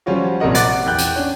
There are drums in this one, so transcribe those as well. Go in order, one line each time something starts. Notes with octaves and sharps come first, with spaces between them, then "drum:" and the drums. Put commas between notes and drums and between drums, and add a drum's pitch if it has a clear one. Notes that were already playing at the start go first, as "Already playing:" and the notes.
F3 G3 C#4 F4 F#4
A#1 C3 A#4 D#5 F#5
F#5 D6 F#6 A6 D7, drum: hi-hat
E2 G5 F#6 G6
drum: hi-hat
C#4 D4